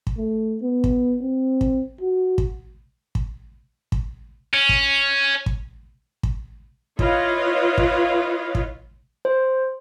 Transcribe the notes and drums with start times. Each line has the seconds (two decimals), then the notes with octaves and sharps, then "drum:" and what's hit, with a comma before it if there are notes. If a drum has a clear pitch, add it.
0.07 drum: kick
0.18 A3
0.62 B3
0.84 drum: kick
1.22 C4
1.61 drum: kick
2.01 F#4
2.38 drum: kick
3.15 drum: kick
3.92 drum: kick
4.54 C#4
4.69 drum: kick
5.46 drum: kick
6.23 drum: kick
6.99 E4 F4 B4 C#5 D#5 F5, drum: kick
7.78 drum: kick
8.55 drum: kick
9.25 C5